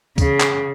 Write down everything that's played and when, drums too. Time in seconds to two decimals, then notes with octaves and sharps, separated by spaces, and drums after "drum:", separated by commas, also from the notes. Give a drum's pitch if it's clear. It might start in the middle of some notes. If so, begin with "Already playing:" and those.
0.18 C#3, drum: kick D2, tambourine
0.40 drum: clap